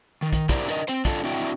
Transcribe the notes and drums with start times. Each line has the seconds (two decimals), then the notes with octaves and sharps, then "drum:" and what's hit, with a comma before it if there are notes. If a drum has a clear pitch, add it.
0.22 D#3
0.33 drum: kick, hi-hat
0.49 D4 E4 G4 A#4 C5 D5, drum: kick, hi-hat
0.68 D4 A#4 D#5, drum: hi-hat
0.88 C4 C5, drum: hi-hat
1.05 D4 F4 A4, drum: kick, hi-hat
1.24 C4 D4 E4 F#4 G5